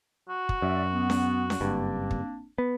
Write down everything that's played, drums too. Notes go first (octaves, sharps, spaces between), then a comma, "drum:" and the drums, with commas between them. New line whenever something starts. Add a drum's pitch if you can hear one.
F#4
drum: kick
F#2 D5 E5
B3
drum: snare C#4
drum: snare C#4
F#1 G2 A#3 C4 D4
drum: kick
B3